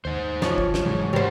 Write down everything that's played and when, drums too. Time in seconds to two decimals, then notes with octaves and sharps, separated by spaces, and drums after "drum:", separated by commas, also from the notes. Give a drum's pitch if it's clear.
0.05 D#2 D#4 C5
0.42 F3 C#5, drum: snare
0.58 drum: kick
0.74 drum: snare
0.85 G#2 C3 E3 F#3 G#3
1.13 E2 G#2 G3 A3 A#4 C5 F#5